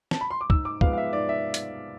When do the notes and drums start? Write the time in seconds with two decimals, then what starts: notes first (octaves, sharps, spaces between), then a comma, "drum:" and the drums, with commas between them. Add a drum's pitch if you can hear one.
0.11 A5, drum: snare
0.21 B5
0.31 C6
0.41 D6
0.50 G#2 E6, drum: kick
0.65 D6
0.81 F3 G#3 B3 F5, drum: kick
0.93 F5
0.98 E5
1.13 G#2 D5
1.29 E5
1.54 drum: hi-hat